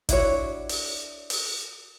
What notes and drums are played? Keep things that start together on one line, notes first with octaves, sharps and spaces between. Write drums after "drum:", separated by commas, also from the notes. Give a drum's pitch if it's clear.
D4 E4 F#4 C#5, drum: kick, hi-hat
drum: open hi-hat
drum: open hi-hat